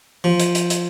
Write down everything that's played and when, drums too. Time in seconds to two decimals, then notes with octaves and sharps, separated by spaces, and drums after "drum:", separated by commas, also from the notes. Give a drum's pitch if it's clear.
0.24 F3
0.40 drum: hi-hat
0.55 drum: hi-hat
0.70 drum: hi-hat